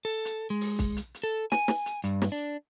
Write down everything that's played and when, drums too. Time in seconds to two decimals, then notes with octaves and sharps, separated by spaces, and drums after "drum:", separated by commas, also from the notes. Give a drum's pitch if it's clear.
0.05 A4
0.25 drum: hi-hat
0.50 G#3
0.61 drum: open hi-hat
0.79 drum: kick, hi-hat
0.97 drum: hi-hat
1.14 drum: hi-hat
1.24 A4
1.52 G#5, drum: snare
1.68 drum: snare
1.86 drum: hi-hat
2.04 G2, drum: hi-hat
2.22 drum: snare
2.32 D4